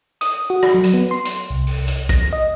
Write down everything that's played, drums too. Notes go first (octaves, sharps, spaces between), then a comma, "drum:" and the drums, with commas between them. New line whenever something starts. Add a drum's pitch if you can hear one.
D#6, drum: hi-hat
F#4
drum: rim click
F#3
drum: hi-hat
B3
C6
drum: hi-hat
C2
drum: open hi-hat
drum: hi-hat
A#6, drum: kick, hi-hat
D#5